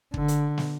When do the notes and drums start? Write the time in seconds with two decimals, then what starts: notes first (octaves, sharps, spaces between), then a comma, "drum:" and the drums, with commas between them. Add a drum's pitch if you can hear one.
0.14 D3, drum: kick
0.28 drum: hi-hat
0.58 drum: snare